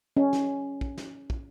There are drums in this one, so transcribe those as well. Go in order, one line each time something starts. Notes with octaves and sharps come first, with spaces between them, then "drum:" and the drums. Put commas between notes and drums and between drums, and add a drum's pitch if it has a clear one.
C#4
drum: snare
drum: kick
drum: snare
drum: kick